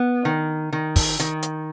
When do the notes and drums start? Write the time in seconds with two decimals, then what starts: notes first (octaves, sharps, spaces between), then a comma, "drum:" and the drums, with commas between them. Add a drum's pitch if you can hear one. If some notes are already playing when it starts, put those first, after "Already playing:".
Already playing: B3
0.25 D#3
0.73 D#3
0.96 drum: kick, open hi-hat
1.20 D#3, drum: hi-hat
1.42 drum: hi-hat